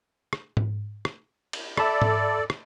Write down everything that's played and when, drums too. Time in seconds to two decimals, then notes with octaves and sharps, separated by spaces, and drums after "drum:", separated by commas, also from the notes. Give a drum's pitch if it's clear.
0.33 drum: rim click
0.57 drum: tom G#2
1.05 drum: rim click
1.53 drum: cymbal
1.77 A4 D5 E5 A5 B5, drum: rim click
2.02 drum: tom G#2
2.50 drum: rim click